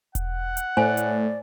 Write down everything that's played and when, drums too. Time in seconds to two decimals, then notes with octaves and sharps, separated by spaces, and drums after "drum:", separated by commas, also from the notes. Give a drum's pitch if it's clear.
0.15 F#5, drum: kick E1, hi-hat
0.57 drum: hi-hat
0.77 A2 C5 D5 G#5
0.97 drum: hi-hat